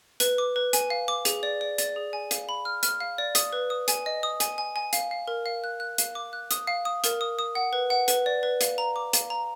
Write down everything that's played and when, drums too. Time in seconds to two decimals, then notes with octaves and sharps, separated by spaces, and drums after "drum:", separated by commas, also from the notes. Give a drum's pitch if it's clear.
0.20 B4, drum: hi-hat
0.38 D6
0.56 B4
0.73 G#5, drum: hi-hat
0.90 F5
1.08 D6
1.25 G#4, drum: hi-hat
1.43 D5
1.61 D5
1.78 D5, drum: hi-hat
1.96 G#4
2.13 G#5
2.31 F5, drum: hi-hat
2.49 B5
2.65 F6
2.83 F6, drum: hi-hat
3.00 F5
3.18 D5
3.35 D#6, drum: hi-hat
3.53 B4
3.70 D#6
3.88 G#5, drum: hi-hat
4.06 D#5
4.23 D#6
4.40 G#5, drum: hi-hat
4.58 G#5
4.76 G#5
4.93 F5, drum: hi-hat
5.11 F5
5.28 A#4
5.46 F5
5.64 F#6
5.80 F#6
5.98 F5, drum: hi-hat
6.15 D6
6.33 F#6
6.51 D#6, drum: hi-hat
6.67 F5
6.85 D#6
7.04 A#4, drum: hi-hat
7.21 D#6
7.39 D#6
7.55 F#5
7.73 B4
7.90 F#5
8.08 B4, drum: hi-hat
8.26 D5
8.43 B4
8.61 F5, drum: hi-hat
8.78 A#5
8.96 D6
9.13 F5, drum: hi-hat
9.30 A#5